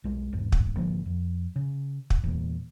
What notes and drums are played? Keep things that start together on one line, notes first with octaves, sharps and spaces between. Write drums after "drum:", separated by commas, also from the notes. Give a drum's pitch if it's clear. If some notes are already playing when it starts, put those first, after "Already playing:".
B1 G#3
A1 E2 G#2
drum: kick
G#1 D3 F3 A#3
F2
C#3
drum: kick
E2 A#2